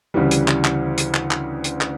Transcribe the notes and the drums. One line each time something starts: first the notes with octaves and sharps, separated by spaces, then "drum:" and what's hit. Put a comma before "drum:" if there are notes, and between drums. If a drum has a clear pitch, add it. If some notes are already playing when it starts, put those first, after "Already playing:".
D2 C#3 E3 G3
drum: hi-hat
drum: clap
drum: clap
drum: hi-hat
drum: clap
drum: clap
drum: hi-hat
drum: clap